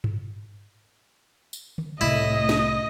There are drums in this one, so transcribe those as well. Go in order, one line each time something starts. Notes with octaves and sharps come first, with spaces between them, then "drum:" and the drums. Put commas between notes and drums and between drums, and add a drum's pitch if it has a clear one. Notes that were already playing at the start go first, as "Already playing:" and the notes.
drum: tom G2
drum: tambourine
drum: tom D3
C2 A2 E4 D#5
drum: snare